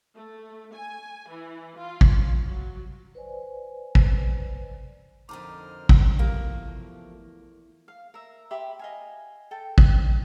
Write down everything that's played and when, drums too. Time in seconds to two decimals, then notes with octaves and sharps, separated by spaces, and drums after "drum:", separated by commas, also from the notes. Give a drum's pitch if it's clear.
0.14 A3
0.74 G#5
1.30 E3
1.77 F4
2.01 drum: kick
2.47 F#3
3.15 B4 C5 D5 G#5
3.95 drum: kick
5.29 F2 D3 D#4 A#4 C5 A#5 D6 F6
5.89 drum: kick
6.19 E2 E3 F3 A3 A#3 G4 A#4
7.88 F5
8.14 A#4 E5
8.51 G4 E5 B5 C6
8.79 D#5 F5 G#5
9.51 A4 G5
9.78 drum: kick